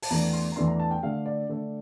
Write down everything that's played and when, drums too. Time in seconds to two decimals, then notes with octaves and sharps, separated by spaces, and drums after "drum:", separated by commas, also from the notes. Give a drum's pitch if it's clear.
0.02 A5, drum: open hi-hat
0.10 E2 E3 A3 D4 A#5
0.33 C6
0.52 A#5
0.56 E2 E3 A3 D4 C6
0.68 A#5
0.80 A5
0.91 G5
1.03 D3 A3 D4 F5
1.26 D5
1.49 D3 A3 D4